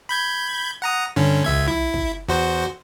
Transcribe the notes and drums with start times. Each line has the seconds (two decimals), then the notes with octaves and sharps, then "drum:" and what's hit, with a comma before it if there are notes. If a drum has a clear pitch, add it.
0.09 B5 G6 G#6
0.82 F#5 A#5 D#6
1.16 G2 D3 C#4
1.44 C#2 E5 G#6, drum: snare
1.68 E4, drum: tom
1.94 drum: kick
2.28 E2 F#4 C5